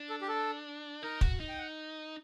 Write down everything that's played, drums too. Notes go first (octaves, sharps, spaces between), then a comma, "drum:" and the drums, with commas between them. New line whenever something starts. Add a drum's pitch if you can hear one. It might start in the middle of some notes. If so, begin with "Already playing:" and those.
Already playing: D4
A4
G4
A4
D#4 A#4
F#4, drum: kick
D#4
G5
F#5